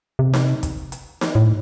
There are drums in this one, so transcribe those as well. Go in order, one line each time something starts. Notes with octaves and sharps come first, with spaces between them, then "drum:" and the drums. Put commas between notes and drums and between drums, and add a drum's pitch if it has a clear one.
C3
drum: snare D#4
drum: kick, hi-hat
drum: hi-hat
drum: snare D#4
A2